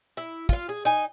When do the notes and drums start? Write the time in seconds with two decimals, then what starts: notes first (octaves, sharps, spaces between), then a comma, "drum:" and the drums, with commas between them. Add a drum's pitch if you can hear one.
0.17 E4
0.49 F4 F5, drum: kick
0.69 G#4
0.85 D#4 G#5